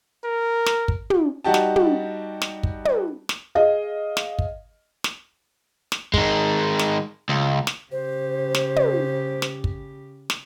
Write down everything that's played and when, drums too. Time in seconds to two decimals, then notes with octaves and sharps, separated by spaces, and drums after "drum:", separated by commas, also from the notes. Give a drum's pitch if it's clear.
0.25 A#4
0.66 drum: snare
0.88 drum: kick
1.10 drum: tom
1.44 G3 D#4 F#4 G4 A5
1.54 drum: snare
1.76 drum: tom
2.42 drum: snare
2.63 drum: kick
2.85 drum: tom
3.29 drum: snare
3.55 G#4 D#5 F5
4.17 drum: snare
4.39 drum: kick
5.04 drum: snare
5.92 drum: snare
6.14 D#3 G#3, drum: kick
6.79 drum: snare
7.29 C#2
7.67 drum: snare
7.92 C#3 G4 C5
8.55 drum: snare
8.76 drum: tom
9.42 drum: snare
9.64 drum: kick
10.30 drum: snare